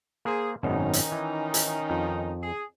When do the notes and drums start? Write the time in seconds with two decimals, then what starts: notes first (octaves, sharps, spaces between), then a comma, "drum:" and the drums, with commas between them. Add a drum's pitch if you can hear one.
0.25 A#3 G#4 C5
0.63 G#1 F#2 B2 D#3 C#4 D#4
0.93 drum: hi-hat
1.12 E3
1.54 drum: hi-hat
1.90 F2
2.42 G#4